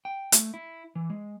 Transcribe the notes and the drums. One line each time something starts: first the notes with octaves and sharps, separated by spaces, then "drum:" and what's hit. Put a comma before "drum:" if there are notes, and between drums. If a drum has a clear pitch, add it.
G5
A3, drum: hi-hat
E4
E3
G#3